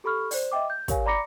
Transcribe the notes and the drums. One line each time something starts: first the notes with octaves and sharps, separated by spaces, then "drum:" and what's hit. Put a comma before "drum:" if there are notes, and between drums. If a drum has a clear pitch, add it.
G4 A4 B5 C#6 F6
C5 D5, drum: open hi-hat
D#5 E5 G5 D6
G6
G4 A#4 C#5 F5 G#5, drum: kick, hi-hat
D5 A#5 B5 D6 A#6 C#7